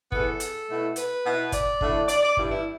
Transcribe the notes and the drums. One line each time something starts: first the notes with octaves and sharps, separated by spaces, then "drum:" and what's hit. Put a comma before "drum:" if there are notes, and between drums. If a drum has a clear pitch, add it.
E2 E3 B3 E4 A4, drum: kick G1
drum: hi-hat
B2 A3 E4
B4, drum: hi-hat
B2 B3 E4
D5, drum: kick G1, hi-hat
D3 A3 E4, drum: kick G1
D5, drum: hi-hat
D5
G2 E3 G3 E4, drum: kick G1
E4